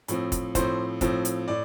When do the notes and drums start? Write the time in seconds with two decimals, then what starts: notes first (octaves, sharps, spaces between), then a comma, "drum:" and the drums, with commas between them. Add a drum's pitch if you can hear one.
0.08 A2 F3 C4, drum: hi-hat
0.32 drum: kick, hi-hat
0.55 A2 F3 C4 C5, drum: kick, hi-hat
1.01 A2 F3 C4, drum: kick, hi-hat
1.25 drum: hi-hat
1.48 A2 D5